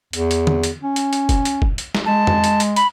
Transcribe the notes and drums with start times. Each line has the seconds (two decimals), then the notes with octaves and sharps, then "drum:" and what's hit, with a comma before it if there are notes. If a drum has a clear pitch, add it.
0.13 E2, drum: hi-hat
0.31 drum: hi-hat
0.47 drum: tom D3
0.63 drum: hi-hat
0.83 C#4
0.96 drum: hi-hat
1.13 drum: hi-hat
1.29 drum: kick, hi-hat
1.45 drum: hi-hat
1.62 drum: kick
1.78 drum: hi-hat
1.95 drum: snare
2.06 G#3 A5
2.27 drum: tom F2
2.44 drum: hi-hat
2.60 drum: hi-hat
2.76 B5, drum: hi-hat